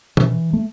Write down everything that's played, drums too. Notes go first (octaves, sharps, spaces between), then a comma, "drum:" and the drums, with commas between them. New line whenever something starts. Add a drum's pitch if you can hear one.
B2 E3, drum: tom
A3